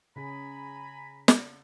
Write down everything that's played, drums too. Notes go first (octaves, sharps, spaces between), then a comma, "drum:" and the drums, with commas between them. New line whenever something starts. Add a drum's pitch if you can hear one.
C#3 C#4 G#4 G#5 A#5 B5
drum: snare